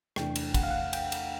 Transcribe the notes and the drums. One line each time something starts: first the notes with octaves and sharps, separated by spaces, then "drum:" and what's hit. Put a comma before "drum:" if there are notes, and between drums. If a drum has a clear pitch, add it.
E2 C3 E3 A3 D4 G5, drum: rim click
drum: cymbal
F#5, drum: kick, cymbal
F5
F#5
G5, drum: cymbal
drum: cymbal